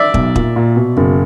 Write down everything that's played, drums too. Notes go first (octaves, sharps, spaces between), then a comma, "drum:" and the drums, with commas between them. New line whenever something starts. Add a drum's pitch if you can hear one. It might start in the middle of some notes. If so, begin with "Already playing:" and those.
Already playing: D5 E5
B1, drum: kick
A#2, drum: kick
A#2
B2
F#1